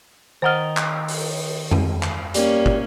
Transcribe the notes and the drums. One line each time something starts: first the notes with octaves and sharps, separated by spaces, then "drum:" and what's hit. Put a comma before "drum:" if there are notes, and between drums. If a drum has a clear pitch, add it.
D#3 A#4 C5 D#5 F#5 F6
drum: clap
drum: open hi-hat
drum: tom F2
drum: clap
G3 A#3 C#4, drum: hi-hat
drum: kick